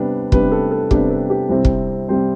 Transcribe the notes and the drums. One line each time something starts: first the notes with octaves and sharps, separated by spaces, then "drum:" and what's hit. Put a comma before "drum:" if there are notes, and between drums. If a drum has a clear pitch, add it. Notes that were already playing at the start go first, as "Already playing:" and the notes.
Already playing: C3 G3 B3 D4
C3 G3 B3 D4 B4, drum: kick
A4
A4
C3 G3 B3 D4 G4, drum: kick
A4
G4
C2 C3 G3 C4
drum: kick
C3 G3 C4 C5